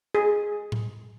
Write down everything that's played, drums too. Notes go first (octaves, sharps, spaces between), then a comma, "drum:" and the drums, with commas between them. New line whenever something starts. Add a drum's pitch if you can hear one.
G#4
drum: tom A2